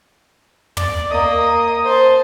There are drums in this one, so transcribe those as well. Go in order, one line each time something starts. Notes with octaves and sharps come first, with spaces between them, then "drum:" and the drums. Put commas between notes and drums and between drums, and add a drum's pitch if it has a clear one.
D5, drum: tom
A#3 D#5 D#6
C5 A5